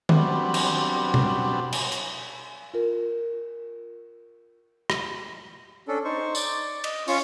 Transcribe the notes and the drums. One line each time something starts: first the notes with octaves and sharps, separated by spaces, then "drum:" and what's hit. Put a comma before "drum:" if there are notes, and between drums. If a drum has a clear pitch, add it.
F#3 G3 B3 C4 D4, drum: tom D#3
drum: cymbal
drum: tom B2
drum: cymbal
drum: hi-hat
F4 A#4
drum: rim click
C#4 D4 A4
D#4 C5 C#6
D5, drum: tambourine
D#5, drum: cymbal
C#4 F4 C#6, drum: open hi-hat